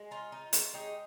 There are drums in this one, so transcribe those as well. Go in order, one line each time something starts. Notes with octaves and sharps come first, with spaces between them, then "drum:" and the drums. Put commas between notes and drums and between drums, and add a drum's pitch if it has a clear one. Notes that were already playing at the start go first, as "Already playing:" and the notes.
Already playing: G#3
D#4 F4
D#4
C#3 F4, drum: hi-hat
G#3 D#4 G4